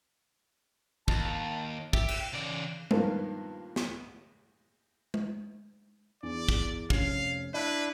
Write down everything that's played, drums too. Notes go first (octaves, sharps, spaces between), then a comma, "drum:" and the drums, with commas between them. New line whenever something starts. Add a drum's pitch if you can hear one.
D#2 A5, drum: kick
G4 E5, drum: kick
drum: cymbal
C#3 E3 D5
G2 A#2 D#3 F3 A#3 B3, drum: tom G#3
drum: snare
drum: tom G#3
E2 D5
drum: kick
F1 C#4 F5 G#6, drum: kick
D4 E4 B4 D5